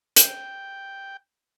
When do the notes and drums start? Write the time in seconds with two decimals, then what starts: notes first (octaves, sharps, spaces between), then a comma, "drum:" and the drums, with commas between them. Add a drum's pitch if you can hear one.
0.16 G5, drum: hi-hat